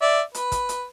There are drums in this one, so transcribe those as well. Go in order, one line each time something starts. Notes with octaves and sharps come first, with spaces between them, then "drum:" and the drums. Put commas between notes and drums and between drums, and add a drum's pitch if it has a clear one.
D5 E5
B4, drum: hi-hat
drum: kick, hi-hat
drum: hi-hat